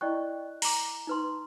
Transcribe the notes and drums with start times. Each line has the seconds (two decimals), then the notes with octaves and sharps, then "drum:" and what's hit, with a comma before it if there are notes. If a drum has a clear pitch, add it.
0.01 E4 D5 D#5 G5 C#6 F#6
0.62 A#5 D6, drum: open hi-hat
1.07 D#4 B4 C6